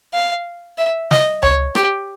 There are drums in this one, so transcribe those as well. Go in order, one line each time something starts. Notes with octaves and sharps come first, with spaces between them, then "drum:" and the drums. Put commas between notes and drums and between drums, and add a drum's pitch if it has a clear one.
F5
E5
D#5, drum: snare
C#5, drum: tom C#2
G4, drum: rim click